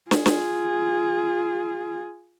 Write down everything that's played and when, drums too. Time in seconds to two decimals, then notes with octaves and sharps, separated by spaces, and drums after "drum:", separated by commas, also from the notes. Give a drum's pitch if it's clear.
0.11 F4 G#4, drum: snare
0.26 drum: snare